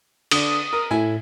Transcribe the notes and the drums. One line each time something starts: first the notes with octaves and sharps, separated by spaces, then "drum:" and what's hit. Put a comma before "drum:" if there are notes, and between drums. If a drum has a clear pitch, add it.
D3 D4 D#6, drum: cymbal
A#4
A2 E4 G#5